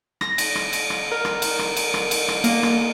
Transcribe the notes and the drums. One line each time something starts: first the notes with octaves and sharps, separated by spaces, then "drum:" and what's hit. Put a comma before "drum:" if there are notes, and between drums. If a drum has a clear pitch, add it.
A#6, drum: rim click
drum: cymbal
drum: rim click
drum: cymbal
drum: rim click
A#4
drum: rim click
drum: cymbal
drum: rim click
drum: cymbal
drum: rim click
drum: cymbal
drum: rim click
A#3, drum: cymbal
drum: rim click